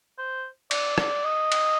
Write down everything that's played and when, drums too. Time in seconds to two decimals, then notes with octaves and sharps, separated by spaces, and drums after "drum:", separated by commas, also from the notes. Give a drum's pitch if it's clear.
0.18 C5
0.71 D5, drum: cymbal
0.98 D5, drum: rim click
1.25 D#5
1.52 drum: cymbal